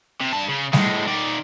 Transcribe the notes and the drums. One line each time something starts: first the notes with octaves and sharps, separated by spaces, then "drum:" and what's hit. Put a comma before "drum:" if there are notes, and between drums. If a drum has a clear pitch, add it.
C3
G2 A5
C#3
A2 G#3, drum: snare G3
D#3 D5